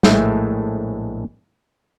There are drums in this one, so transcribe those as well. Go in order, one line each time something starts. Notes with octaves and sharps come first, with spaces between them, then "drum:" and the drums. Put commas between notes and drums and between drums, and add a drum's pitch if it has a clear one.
A#1 A2 G#3 A3 E5, drum: snare